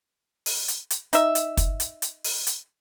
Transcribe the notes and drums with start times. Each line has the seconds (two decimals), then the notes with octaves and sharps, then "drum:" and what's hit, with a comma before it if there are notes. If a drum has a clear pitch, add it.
0.46 drum: open hi-hat
0.68 drum: hi-hat
0.90 drum: hi-hat
1.13 D#4 E5, drum: hi-hat
1.35 drum: hi-hat
1.57 drum: kick, hi-hat
1.80 drum: hi-hat
2.02 drum: hi-hat
2.24 drum: open hi-hat
2.47 drum: hi-hat